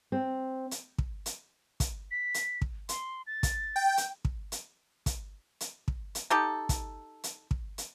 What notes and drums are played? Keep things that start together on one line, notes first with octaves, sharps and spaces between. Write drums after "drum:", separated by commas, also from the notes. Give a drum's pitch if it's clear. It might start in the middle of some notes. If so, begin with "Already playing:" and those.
C4
drum: hi-hat
drum: kick
drum: hi-hat
drum: kick, hi-hat
B6
drum: hi-hat
drum: kick
C6, drum: hi-hat
A6
drum: kick, hi-hat
G5
drum: hi-hat
drum: kick
drum: hi-hat
drum: kick, hi-hat
drum: hi-hat
drum: kick
drum: hi-hat
D#4 G4 A4
drum: kick, hi-hat
drum: hi-hat
drum: kick
drum: hi-hat